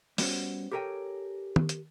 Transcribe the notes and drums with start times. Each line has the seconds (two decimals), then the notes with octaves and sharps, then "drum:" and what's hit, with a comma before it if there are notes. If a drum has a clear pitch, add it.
0.18 G3 B3 C#4 F#4 C5 F#5, drum: open hi-hat
0.71 G4 A4 A#4 C#5 G5 G#5
1.56 drum: tom D#3
1.69 drum: hi-hat